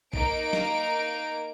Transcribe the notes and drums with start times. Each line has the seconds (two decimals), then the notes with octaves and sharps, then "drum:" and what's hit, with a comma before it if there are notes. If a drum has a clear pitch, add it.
0.13 A#3 D#4 D7, drum: kick
0.53 drum: snare